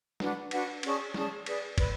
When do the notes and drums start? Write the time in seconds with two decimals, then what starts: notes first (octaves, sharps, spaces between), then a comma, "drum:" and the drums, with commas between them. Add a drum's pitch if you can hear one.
0.20 D4 F#4 B4 F#5, drum: snare
0.51 D4 F#4 B4 F#5, drum: cymbal
0.83 C#4 G#4 D5 A5, drum: cymbal
1.14 C#4 G#4 D5 A5, drum: snare
1.46 G#4 B4 D5, drum: cymbal
1.78 B4 D5, drum: kick, cymbal